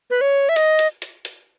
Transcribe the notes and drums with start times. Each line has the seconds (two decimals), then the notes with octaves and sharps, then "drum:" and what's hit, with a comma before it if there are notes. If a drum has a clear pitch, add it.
0.10 B4
0.21 C#5
0.49 E5
0.56 D#5, drum: hi-hat
0.79 drum: hi-hat
1.02 drum: hi-hat
1.25 drum: hi-hat